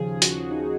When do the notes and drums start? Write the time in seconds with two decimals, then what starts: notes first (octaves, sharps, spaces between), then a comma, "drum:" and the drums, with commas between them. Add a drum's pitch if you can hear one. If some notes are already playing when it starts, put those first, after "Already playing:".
Already playing: D#2 C#3 F3 G#4
0.22 F#4, drum: hi-hat
0.37 F#4
0.51 D#4